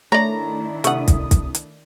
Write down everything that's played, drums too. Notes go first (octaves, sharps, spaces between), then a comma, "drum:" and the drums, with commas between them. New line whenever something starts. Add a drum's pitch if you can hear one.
D#3 A3 D4 E4 C#5 D5 A#5
C3 A3 F#5 D#6, drum: hi-hat
drum: kick, hi-hat
drum: kick, hi-hat
drum: hi-hat